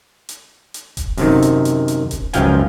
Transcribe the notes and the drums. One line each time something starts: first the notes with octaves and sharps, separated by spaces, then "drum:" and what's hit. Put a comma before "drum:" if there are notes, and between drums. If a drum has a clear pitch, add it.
drum: hi-hat
drum: hi-hat
drum: kick D#1, hi-hat
F#2 C3 D#3, drum: open hi-hat
drum: hi-hat
drum: hi-hat
drum: hi-hat
drum: kick D#1, hi-hat
C#2 F#2 F3 F5 G5 G#5, drum: hi-hat